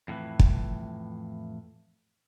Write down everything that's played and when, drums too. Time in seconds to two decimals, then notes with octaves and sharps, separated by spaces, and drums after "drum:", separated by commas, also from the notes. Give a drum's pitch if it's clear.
0.08 F2 A2 D3 E3
0.39 drum: kick